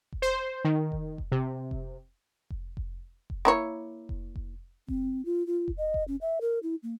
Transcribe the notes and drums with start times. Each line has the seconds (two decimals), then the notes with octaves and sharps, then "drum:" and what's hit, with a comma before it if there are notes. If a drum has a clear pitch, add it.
0.12 drum: kick F1
0.22 C5
0.65 D#3
0.92 drum: kick F1
1.18 drum: kick F1
1.32 C3
1.71 drum: kick F1
2.50 drum: kick F1
2.77 drum: kick F1
3.30 drum: kick F1
3.45 A#3 E4 C#5
4.09 drum: kick F1
4.36 drum: kick F1
4.88 C4, drum: kick F1
5.25 F4
5.47 F4
5.68 drum: kick F1
5.78 D#5
5.94 drum: kick F1
6.08 C#4
6.21 E5
6.41 A#4
6.63 E4
6.83 A#3